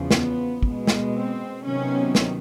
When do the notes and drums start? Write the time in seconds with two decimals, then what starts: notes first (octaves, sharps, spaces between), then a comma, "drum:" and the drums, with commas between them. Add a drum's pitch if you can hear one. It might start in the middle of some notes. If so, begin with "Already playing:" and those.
Already playing: E2 C#3 F3
0.11 B3, drum: snare
0.63 B2 G#3 B3, drum: kick
0.87 drum: snare
1.13 C4
1.64 C3 D#3 F#3 B3 C#4
2.15 drum: snare